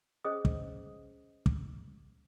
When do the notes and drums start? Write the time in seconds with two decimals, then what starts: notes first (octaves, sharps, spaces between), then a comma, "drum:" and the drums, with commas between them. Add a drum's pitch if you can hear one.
0.24 C#4 G#4 C5 C#5 D#5 D#6
0.45 drum: kick
1.46 drum: kick